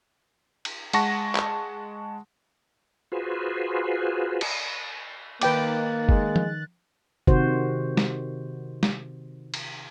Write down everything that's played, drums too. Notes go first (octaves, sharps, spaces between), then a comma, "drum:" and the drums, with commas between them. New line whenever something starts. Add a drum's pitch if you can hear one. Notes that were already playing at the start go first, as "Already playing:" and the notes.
drum: cymbal
G#3 F#5 A5 C#6 A#6, drum: cymbal
drum: clap
F4 F#4 G#4 B4 C5
drum: cymbal
D#3 A#3 B4 G5 D6 F#6 A6, drum: cymbal
G#3, drum: kick F#1
drum: tom F3
C3 D#3 F#4 C5, drum: kick F#1
drum: snare
drum: snare
drum: cymbal